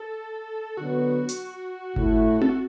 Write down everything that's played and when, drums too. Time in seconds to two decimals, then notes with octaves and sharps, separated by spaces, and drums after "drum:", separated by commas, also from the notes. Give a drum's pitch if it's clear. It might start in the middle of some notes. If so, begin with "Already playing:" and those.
Already playing: A4
0.77 D3 F#3 B3 F#4
1.29 drum: hi-hat
1.96 A2 A3 E4, drum: kick G1
2.42 A4, drum: tom C4
2.49 F#4